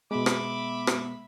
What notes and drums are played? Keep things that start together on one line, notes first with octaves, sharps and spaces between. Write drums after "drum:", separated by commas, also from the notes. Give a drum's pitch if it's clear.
B2 G#3 B3 E5 B5 D6
drum: rim click
drum: rim click